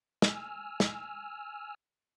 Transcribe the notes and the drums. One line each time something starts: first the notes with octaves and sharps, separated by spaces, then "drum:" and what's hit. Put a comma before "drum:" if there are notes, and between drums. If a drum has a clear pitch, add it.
G#5 E6 F6, drum: snare
drum: snare